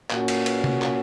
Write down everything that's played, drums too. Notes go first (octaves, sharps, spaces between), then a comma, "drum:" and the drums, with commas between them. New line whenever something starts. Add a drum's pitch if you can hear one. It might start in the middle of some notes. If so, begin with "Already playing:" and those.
A#2 A#3 C#4 F#4, drum: clap
drum: cymbal
drum: cymbal
drum: tom C3
drum: clap